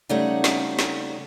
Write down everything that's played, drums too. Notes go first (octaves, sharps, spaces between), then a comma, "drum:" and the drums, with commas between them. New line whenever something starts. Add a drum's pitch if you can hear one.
C#3 G3 A3 D#4 C#5 F#5
drum: snare
drum: snare